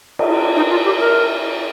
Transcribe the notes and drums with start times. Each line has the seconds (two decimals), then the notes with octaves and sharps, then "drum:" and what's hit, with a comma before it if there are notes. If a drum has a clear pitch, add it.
0.19 drum: cymbal
0.56 D#4
0.71 F4
0.85 G4
1.00 A#4